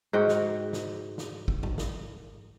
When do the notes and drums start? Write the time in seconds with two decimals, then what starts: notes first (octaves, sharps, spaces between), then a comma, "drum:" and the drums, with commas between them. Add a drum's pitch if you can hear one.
0.13 G#2 F#4 G5
0.28 drum: snare
0.73 drum: snare
1.18 drum: snare
1.48 drum: kick
1.63 drum: tom
1.78 drum: snare